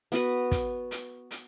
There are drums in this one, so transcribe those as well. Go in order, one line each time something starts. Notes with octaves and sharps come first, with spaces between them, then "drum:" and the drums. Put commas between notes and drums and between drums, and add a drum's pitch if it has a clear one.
B3 F#4 B4, drum: hi-hat
drum: kick, hi-hat
drum: hi-hat
drum: hi-hat